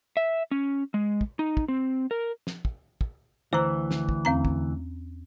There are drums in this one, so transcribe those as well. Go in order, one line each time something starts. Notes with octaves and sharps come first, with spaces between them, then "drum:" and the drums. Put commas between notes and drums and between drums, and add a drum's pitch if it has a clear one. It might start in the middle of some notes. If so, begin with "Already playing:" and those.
E5
C#4
G#3
drum: kick
D#4
drum: kick
C4
A#4
drum: snare
drum: kick
drum: kick
D2 E3 C5 A#5
drum: snare
drum: kick
E2 C4 A#5
drum: kick